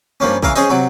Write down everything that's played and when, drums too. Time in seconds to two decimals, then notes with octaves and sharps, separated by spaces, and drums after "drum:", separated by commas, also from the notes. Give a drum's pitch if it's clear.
0.20 G2 F3 A#3 C#4
0.43 C#3 E3 A#4 F5, drum: kick
0.55 G#3 C#4 G#4 C5 D#5, drum: tambourine
0.69 C3 F#3 F#4